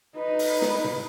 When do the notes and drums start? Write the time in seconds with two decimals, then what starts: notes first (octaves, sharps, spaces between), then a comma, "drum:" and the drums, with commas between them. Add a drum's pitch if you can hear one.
0.16 D#4 B4
0.39 drum: open hi-hat
0.62 drum: snare
0.84 drum: tom